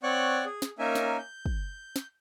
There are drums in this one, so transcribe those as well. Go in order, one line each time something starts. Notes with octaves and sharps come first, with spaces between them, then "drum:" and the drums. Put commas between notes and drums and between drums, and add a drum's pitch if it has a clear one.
C4 C#5 D5 F#5 C#6 F#6
G#4
drum: snare
A#3 C#4 D#4 A#4 E5 G#5
drum: snare
G6
drum: kick
drum: snare